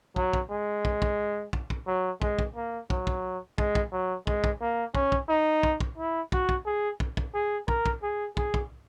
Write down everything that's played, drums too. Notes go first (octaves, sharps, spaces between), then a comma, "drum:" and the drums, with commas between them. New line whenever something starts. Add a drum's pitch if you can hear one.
F#3, drum: kick
drum: kick
G#3
drum: kick
drum: kick
drum: kick
drum: kick
F#3
G#3, drum: kick
drum: kick
A#3
F#3, drum: kick
drum: kick
G#3, drum: kick
drum: kick
F#3
G#3, drum: kick
drum: kick
A#3
C#4, drum: kick
drum: kick
D#4
drum: kick
drum: kick
E4
F#4, drum: kick
drum: kick
G#4
drum: kick
drum: kick
G#4
A#4, drum: kick
drum: kick
G#4
G#4, drum: kick
drum: kick